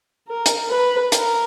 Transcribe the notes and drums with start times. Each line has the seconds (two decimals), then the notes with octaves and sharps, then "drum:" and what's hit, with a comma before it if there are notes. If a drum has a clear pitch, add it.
0.29 A#4
0.46 drum: hi-hat
0.70 B4
1.12 A#4, drum: hi-hat